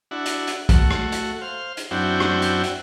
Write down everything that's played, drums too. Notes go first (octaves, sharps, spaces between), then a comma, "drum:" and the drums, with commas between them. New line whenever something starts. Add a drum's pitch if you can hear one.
D4 E4 F#4
drum: hi-hat
drum: hi-hat
A3 F#4, drum: kick, hi-hat
drum: rim click
drum: hi-hat
C5 F5
drum: hi-hat
F#2 C4 D4 E4 F#4 G5
drum: rim click
drum: hi-hat
drum: hi-hat